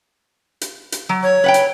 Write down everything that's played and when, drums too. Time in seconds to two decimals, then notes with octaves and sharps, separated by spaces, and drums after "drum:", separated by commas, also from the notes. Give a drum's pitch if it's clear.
0.61 drum: hi-hat
0.92 drum: hi-hat
1.09 F#3
1.23 C#5
1.44 B4 F#5 G5
1.54 drum: hi-hat